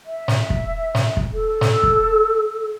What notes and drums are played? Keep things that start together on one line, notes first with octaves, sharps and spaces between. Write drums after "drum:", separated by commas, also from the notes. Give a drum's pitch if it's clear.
E5
drum: snare
drum: kick
drum: snare
drum: kick
A4
drum: snare
drum: kick